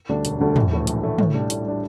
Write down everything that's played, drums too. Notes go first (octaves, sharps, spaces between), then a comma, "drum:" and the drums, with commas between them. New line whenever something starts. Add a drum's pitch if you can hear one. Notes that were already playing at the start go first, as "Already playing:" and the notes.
D2 D3 G3 D4
E1, drum: hi-hat
D2 D3 G3 D4
A#1, drum: tom
A2 E3 A3 E4
A#1, drum: hi-hat
A2 E3 A3 E4
A2, drum: tom
G3 D4
A2, drum: hi-hat
G3 D4